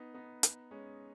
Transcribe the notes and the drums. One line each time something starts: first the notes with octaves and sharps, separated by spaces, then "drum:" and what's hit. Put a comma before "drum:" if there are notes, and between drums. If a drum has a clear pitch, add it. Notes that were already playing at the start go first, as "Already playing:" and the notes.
Already playing: B3 D#4
B3 D#4
drum: hi-hat
G#3 C#4